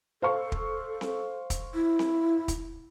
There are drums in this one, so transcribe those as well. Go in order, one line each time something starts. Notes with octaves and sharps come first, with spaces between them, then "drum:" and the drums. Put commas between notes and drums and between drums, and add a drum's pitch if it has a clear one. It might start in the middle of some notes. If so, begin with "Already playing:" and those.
A4 C5 F5 C#6
drum: kick
drum: snare C4
drum: kick, hi-hat
E4
drum: snare C4
drum: kick, hi-hat